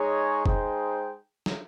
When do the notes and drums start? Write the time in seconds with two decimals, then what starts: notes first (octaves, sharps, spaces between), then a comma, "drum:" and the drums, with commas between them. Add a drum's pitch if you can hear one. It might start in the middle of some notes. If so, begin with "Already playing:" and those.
Already playing: G#3 D#4 G#4 C#5
0.46 G#3 D#4 G#4 C5 G5, drum: kick F1
1.46 drum: snare